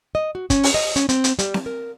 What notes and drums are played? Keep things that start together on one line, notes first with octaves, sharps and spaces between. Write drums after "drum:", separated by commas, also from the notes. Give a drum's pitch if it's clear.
D#5
F#4
C#4, drum: kick, hi-hat
drum: open hi-hat
D#5
C#4, drum: hi-hat
C4, drum: hi-hat
drum: hi-hat
G3, drum: hi-hat
drum: snare C4
A#4